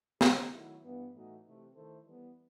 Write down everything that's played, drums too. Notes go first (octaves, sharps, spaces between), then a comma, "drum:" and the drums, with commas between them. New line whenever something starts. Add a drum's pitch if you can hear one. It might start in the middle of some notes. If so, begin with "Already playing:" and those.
F#2 D#3 A3 D#4 A4, drum: snare
D#3 F#3 A3 E4
G2 E3 B3
A2 E3 A3 D#4 F#4
C3 E3 A3
D#3 A3 E4 A4 C5
E3 G3 B3